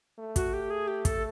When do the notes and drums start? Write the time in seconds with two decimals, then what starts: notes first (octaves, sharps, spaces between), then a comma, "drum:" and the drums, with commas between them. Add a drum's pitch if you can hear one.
0.18 A3
0.36 F#4, drum: kick, hi-hat
0.53 G4
0.70 G#4
0.88 G4
1.05 A4, drum: kick, hi-hat